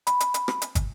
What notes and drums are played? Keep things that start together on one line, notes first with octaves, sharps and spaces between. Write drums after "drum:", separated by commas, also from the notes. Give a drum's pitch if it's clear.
B5, drum: hi-hat
drum: hi-hat
drum: hi-hat
drum: rim click
drum: hi-hat
drum: kick, hi-hat